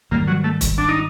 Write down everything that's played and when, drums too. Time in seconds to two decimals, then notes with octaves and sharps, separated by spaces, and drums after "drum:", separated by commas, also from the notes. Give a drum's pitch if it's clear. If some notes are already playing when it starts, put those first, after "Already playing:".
0.11 G#2 D#3 G3 A#3
0.28 F#3
0.44 A3
0.61 drum: kick, hi-hat
0.78 D4
0.89 D#4